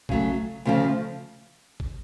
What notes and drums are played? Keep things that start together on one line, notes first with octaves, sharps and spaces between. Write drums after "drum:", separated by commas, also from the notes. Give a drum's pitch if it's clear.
C#3 F#3 A3, drum: kick
D2 C#3 F3 A3
drum: kick